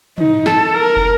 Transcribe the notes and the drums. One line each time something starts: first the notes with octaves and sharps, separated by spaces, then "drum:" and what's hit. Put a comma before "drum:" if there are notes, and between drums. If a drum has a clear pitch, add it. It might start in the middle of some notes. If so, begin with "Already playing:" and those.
D#4, drum: tom
A4, drum: snare
A#4
drum: kick